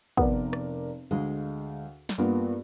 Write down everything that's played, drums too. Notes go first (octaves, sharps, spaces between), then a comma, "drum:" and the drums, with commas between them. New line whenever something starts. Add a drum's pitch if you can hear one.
F1 B3 A#4 D5, drum: kick
drum: rim click
D2 G#3 F5
drum: snare
G2 A#3 B3 F4